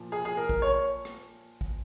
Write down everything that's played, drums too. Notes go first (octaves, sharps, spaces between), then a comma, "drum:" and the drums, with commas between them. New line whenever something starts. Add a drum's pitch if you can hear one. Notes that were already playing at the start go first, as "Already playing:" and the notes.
Already playing: A#2 F3
G#4
G#4
A#4
drum: kick A1
C#5
drum: rim click
drum: kick A1